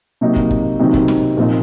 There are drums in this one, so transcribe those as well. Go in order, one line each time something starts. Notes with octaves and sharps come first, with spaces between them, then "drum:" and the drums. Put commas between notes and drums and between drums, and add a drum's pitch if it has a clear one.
C3 F#3 A#3 D#4
drum: kick
drum: kick
C3 D#3 F#3 C4 D#4
drum: kick
drum: snare
A#2 F3 C4 D#4